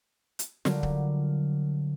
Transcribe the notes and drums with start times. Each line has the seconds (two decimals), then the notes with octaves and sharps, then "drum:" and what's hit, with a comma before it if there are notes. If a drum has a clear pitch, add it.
0.39 drum: hi-hat
0.65 D3 F#3 G3 F4 A#4, drum: snare
0.83 drum: kick C#1